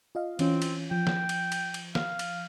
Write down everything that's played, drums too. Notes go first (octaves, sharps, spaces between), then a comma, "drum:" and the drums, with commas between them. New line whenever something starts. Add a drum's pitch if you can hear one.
F4 D#5 F5
E3 C4 C#4 F4, drum: cymbal
drum: cymbal
F3 G5
drum: snare
drum: cymbal
drum: cymbal
drum: cymbal
F5, drum: snare
drum: cymbal